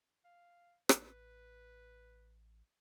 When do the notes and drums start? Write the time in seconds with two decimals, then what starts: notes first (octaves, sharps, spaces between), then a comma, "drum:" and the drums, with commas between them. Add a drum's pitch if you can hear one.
0.24 F5
0.89 A1 B4, drum: rim click